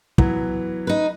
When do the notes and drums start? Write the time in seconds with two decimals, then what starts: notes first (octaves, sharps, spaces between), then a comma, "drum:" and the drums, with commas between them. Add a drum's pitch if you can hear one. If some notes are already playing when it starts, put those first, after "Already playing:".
0.18 E3 F#3 B3, drum: kick
0.87 D#4 B4